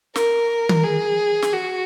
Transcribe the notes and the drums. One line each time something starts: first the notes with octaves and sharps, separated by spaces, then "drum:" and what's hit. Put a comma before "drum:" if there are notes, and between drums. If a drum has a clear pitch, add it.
A#4, drum: snare
drum: tom D#3
G#4
drum: snare
F#4